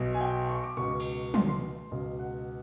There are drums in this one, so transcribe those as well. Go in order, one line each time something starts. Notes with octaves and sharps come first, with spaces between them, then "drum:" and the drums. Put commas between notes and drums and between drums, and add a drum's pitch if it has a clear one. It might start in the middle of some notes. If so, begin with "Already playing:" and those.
Already playing: B1 B2
G#5
G5
C#6
D6
C#2 B2 C#6
drum: cymbal
C6, drum: tom
C6
C#2 B2
F#5